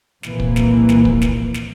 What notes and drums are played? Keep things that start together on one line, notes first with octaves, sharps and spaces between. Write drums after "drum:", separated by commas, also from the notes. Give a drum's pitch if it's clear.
C2 A#2 E3 F3 A#3, drum: snare
drum: kick
drum: snare
drum: snare
drum: kick
drum: snare
drum: snare